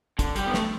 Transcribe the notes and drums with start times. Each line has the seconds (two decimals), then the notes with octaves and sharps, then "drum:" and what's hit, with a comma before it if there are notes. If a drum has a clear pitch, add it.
0.19 D3, drum: kick, hi-hat
0.36 G3, drum: hi-hat
0.47 B3
0.54 A3, drum: snare